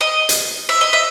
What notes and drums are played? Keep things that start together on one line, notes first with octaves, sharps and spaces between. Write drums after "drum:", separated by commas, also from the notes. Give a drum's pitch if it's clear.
D#5
drum: hi-hat
E5
D#5
E5